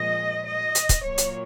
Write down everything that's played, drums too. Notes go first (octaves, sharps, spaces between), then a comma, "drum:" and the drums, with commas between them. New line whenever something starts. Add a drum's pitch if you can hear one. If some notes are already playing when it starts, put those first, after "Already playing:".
Already playing: A#2 F3 G#3 D#5
D#5
drum: hi-hat
drum: kick, hi-hat
A#2 F#3 A#3 C#5
drum: hi-hat